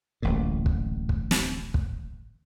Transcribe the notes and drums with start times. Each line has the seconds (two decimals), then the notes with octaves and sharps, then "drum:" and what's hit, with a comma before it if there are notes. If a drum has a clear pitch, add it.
0.22 D1 A1 A#2
0.66 drum: kick
1.09 drum: kick
1.31 drum: snare
1.74 drum: kick